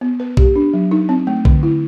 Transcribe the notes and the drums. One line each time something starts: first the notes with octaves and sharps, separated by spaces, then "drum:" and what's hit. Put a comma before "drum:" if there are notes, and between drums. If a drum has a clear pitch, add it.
B3
B4
G4, drum: kick B1
D4
F#3
D#4
C4
A3
D3, drum: kick B1
E4